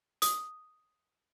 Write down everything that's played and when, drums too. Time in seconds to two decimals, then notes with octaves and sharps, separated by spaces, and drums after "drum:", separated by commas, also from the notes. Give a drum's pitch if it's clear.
0.22 D#6, drum: hi-hat